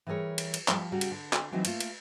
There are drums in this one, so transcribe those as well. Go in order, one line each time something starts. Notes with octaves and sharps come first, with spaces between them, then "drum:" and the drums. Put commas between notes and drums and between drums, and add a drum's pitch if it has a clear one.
E3 G3 G#4 A#4 C#5
drum: cymbal
drum: cymbal
F3 G3, drum: clap
C#3 G3 F#4 A#5
drum: cymbal
D3
drum: clap
E3 F#3 C4 D#4 E4
A3 A#3 F4, drum: cymbal
drum: cymbal